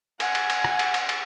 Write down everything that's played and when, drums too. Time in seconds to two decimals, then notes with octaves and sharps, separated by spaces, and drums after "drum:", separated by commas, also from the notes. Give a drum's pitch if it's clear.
0.20 F#5 G#5, drum: cymbal
0.35 drum: cymbal
0.50 drum: cymbal
0.64 drum: rim click
0.79 drum: cymbal
0.94 drum: cymbal
1.09 drum: cymbal